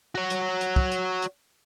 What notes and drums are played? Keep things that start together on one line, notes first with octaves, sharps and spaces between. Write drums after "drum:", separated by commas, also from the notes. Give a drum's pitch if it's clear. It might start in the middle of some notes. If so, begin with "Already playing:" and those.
F#4 C#5
drum: hi-hat
drum: hi-hat
drum: kick
drum: hi-hat
drum: hi-hat